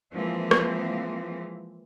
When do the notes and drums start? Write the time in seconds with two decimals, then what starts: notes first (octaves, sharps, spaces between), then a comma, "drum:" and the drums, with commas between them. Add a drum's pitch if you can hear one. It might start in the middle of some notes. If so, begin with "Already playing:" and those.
0.13 E3 F3 G#3 A#3 C4
0.51 drum: rim click